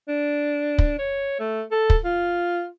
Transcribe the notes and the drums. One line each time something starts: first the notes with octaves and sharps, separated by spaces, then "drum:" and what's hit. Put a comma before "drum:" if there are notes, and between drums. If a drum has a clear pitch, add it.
D4
drum: kick
C#5
A3
A4
drum: kick
F4